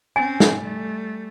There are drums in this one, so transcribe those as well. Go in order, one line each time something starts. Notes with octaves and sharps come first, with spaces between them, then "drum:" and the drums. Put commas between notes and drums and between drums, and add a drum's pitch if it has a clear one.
C4 C#4 G#5
drum: snare
G3 A3